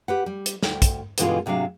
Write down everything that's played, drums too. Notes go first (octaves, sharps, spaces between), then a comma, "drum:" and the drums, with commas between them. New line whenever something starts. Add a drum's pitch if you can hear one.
G4 B4 F#5
G3
drum: hi-hat
D2 G5, drum: snare
drum: kick, hi-hat
G2 B2 D3 E3 G#3 F4, drum: hi-hat
G#2 C3 F#3 D4 F5